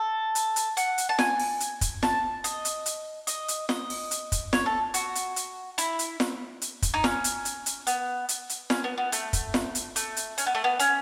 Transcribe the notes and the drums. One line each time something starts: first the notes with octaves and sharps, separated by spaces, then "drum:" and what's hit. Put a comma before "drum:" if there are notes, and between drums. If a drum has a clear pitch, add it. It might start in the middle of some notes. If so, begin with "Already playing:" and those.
Already playing: A4
drum: hi-hat
drum: hi-hat
F#5, drum: hi-hat
drum: hi-hat
A5
G#5, drum: snare
drum: open hi-hat
drum: hi-hat
drum: kick, hi-hat
A5, drum: snare
D#5, drum: hi-hat
drum: hi-hat
drum: hi-hat
D#5, drum: hi-hat
drum: hi-hat
D#5, drum: snare
drum: open hi-hat
drum: hi-hat
drum: kick, hi-hat
C#5, drum: snare
A4
F#4, drum: hi-hat
drum: hi-hat
drum: hi-hat
E4, drum: hi-hat
drum: hi-hat
drum: snare
drum: hi-hat
drum: kick, hi-hat
D#4
C#4, drum: snare
drum: hi-hat
drum: hi-hat
drum: hi-hat
B3, drum: hi-hat
drum: hi-hat
drum: hi-hat
C#4, drum: snare
B3
B3
A3, drum: hi-hat
drum: kick, hi-hat
drum: snare
drum: hi-hat
A3, drum: hi-hat
drum: hi-hat
C#4, drum: hi-hat
B3
A3
B3
C#4, drum: hi-hat